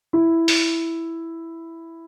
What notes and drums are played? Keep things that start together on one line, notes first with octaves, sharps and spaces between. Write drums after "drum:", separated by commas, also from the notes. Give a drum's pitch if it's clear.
E4
drum: open hi-hat